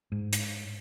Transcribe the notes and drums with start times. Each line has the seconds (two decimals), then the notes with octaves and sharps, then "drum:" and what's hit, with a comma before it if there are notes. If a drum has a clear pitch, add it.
0.12 G#2
0.33 drum: hi-hat